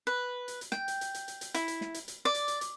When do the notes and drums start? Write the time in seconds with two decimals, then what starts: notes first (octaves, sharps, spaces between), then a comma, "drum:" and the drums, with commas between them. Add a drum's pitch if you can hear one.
0.07 B4
0.48 drum: hi-hat
0.61 drum: hi-hat
0.72 G5, drum: snare
0.88 drum: hi-hat
1.01 drum: hi-hat
1.14 drum: hi-hat
1.28 drum: hi-hat
1.41 drum: hi-hat
1.54 E4, drum: hi-hat
1.68 drum: hi-hat
1.81 drum: snare
1.94 drum: hi-hat
2.08 drum: hi-hat
2.25 D5
2.34 drum: hi-hat
2.48 drum: hi-hat
2.61 drum: hi-hat